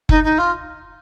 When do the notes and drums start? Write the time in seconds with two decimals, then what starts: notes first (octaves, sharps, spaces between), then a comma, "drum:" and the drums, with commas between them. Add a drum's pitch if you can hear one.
0.09 D#4, drum: kick
0.23 D#4
0.38 F4